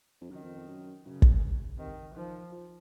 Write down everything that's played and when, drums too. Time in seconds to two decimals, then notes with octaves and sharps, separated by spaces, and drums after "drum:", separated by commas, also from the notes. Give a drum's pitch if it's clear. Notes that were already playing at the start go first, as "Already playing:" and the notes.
0.21 F2
0.31 F#2 D#3
0.43 F2
0.56 F2
0.68 F#2
1.05 F#2 C#3
1.22 drum: kick
1.78 C3 D#3
2.16 D#3 F3
2.52 F3